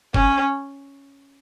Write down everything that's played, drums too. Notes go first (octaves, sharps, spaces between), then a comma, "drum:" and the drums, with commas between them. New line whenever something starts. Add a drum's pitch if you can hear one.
C#4, drum: kick